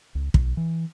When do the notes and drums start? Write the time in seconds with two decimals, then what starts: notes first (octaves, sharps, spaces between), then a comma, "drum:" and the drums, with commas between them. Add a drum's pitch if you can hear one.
0.15 C#2
0.34 B1, drum: kick
0.57 E3